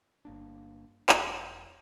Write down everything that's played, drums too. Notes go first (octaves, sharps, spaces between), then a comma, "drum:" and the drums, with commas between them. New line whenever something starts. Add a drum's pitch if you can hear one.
G1 A#3 D4
E1, drum: clap